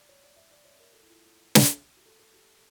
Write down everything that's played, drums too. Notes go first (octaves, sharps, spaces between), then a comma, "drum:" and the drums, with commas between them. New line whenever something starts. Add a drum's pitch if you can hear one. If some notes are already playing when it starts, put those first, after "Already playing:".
Already playing: D5
C#5
D5
E5
D5
C#5
A#4
A4
E4
F4
drum: snare
G4
A4
A4
G4